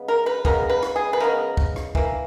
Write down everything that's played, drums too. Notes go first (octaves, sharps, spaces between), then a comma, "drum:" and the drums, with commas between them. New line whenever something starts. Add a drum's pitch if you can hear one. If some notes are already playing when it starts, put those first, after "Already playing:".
Already playing: C#3 G#3 B3
A#4
B4
C#3 G#3 B3 A#4, drum: kick
B4
drum: rim click
G#4
B4
C#3 G#3 B3 A#4
drum: kick
drum: rim click
E3 A#3, drum: kick